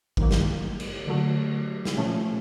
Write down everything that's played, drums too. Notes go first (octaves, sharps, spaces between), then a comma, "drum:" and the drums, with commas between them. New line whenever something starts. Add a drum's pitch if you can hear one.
G2 D#3 F#3 A#3, drum: kick
drum: snare
drum: cymbal
D3 F#3 A3
drum: snare
A#2 F3 A3 C#4